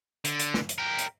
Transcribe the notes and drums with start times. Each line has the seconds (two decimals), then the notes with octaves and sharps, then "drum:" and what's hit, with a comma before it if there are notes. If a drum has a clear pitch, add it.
0.25 D3, drum: hi-hat
0.39 drum: hi-hat
0.54 drum: snare
0.69 drum: hi-hat
0.78 G4 A#4
0.99 drum: hi-hat